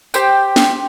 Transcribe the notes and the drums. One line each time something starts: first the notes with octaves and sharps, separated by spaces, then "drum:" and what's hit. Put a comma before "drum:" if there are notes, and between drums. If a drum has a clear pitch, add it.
G4 C5 G5, drum: tambourine
drum: snare